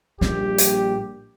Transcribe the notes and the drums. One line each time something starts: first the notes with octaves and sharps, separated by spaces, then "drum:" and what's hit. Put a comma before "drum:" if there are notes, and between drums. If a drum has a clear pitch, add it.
A#1 A#2 G3 G4, drum: snare
drum: hi-hat